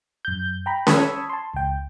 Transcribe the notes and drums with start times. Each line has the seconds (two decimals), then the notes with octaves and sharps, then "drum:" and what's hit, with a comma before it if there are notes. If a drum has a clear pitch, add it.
0.25 F#2 G6
0.66 G5 A#5 B5
0.87 A5 B5 C#6 D#6 E6 G#6, drum: snare C#4
1.29 A5 C6
1.54 C#2 G5